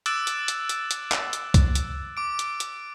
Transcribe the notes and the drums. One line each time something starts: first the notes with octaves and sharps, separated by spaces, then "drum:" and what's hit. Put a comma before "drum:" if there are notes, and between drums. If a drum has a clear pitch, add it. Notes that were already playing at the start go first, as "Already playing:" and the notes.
D6 E6 F#6 A6 D7 E7, drum: hi-hat
drum: hi-hat
drum: hi-hat
drum: hi-hat
drum: hi-hat
drum: clap
drum: hi-hat
drum: kick C2, hi-hat
drum: hi-hat
D6 D7
drum: hi-hat
drum: hi-hat